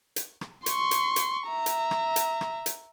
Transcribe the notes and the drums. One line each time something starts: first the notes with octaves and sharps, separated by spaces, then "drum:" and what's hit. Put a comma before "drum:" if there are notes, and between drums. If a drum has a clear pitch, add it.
drum: hi-hat
drum: rim click
C6 C#6, drum: hi-hat
drum: hi-hat
drum: hi-hat
E5 A#5
drum: hi-hat
drum: rim click
drum: hi-hat
drum: rim click
drum: hi-hat